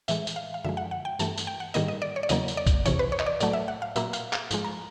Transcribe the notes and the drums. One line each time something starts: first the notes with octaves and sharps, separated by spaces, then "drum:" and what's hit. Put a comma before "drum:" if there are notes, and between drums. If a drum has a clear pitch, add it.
A2 E3 G#3 E5, drum: tambourine
drum: tambourine
F5
F5
F#2 D3 F3 G#3 E5
F#5
F#5
G5
G2 E3 A3 A5, drum: tambourine
drum: tambourine
G5
F#5
G#2 D#3 G3 A#3 D#5, drum: tambourine
D#5
D5
C#5
D5
E2 C#3 F#3 A#3 D#5, drum: tambourine
drum: tambourine
D5
drum: kick, tambourine
E2 C3 E3 C#5, drum: tambourine
B4
C#5
D#5, drum: clap
D5
A2 F#3 A3 D5, drum: tambourine
E5
F#5
F5
A#2 F#3 A#3 E5, drum: tambourine
F5, drum: tambourine
F5, drum: clap
G#2 F3 G#3, drum: tambourine
A#5